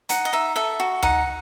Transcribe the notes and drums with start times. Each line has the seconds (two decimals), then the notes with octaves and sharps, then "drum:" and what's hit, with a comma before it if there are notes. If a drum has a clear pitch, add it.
0.09 D#4 F#5, drum: hi-hat
0.25 D#5
0.33 D#4 E5
0.56 A4 E5
0.80 F#4
1.03 D#4 F#5, drum: tom D2